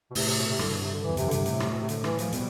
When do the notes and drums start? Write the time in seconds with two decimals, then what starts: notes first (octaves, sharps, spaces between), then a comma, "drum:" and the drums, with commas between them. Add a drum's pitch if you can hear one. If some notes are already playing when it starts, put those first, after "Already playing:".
0.11 B2
0.15 A2 C3, drum: open hi-hat
0.26 C3
0.37 B2
0.48 C3
0.59 G2 D3, drum: rim click
0.70 B2
0.81 C3
0.92 D3
1.03 E3
1.09 E2
1.17 F2 C3, drum: hi-hat
1.28 D3
1.31 G2 C3, drum: hi-hat
1.46 A2, drum: hi-hat
1.60 drum: rim click
1.69 B2
1.79 C3
1.89 D3, drum: hi-hat
2.04 E3, drum: rim click
2.19 F3, drum: hi-hat
2.32 B2 G3, drum: hi-hat